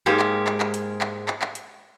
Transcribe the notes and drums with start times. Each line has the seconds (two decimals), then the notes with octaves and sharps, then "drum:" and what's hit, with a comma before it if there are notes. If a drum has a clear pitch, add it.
0.06 G#2 G#3 A#3 G4
0.20 drum: clap
0.47 drum: clap
0.60 drum: clap
0.74 drum: hi-hat
1.01 drum: clap
1.28 drum: clap
1.42 drum: clap
1.55 drum: hi-hat